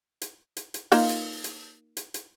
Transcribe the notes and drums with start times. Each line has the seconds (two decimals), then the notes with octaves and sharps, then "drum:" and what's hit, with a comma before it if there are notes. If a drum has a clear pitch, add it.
0.22 drum: hi-hat
0.57 drum: hi-hat
0.74 drum: hi-hat
0.92 A#3 D#4 F4, drum: open hi-hat
1.09 drum: hi-hat
1.44 drum: hi-hat
1.97 drum: hi-hat
2.14 drum: hi-hat